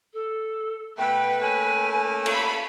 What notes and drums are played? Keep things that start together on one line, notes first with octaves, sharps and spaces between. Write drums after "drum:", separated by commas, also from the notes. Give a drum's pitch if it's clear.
A4
B2 A3 B4 G5
A3 A#3 C#4 G#5
A4 B5, drum: cymbal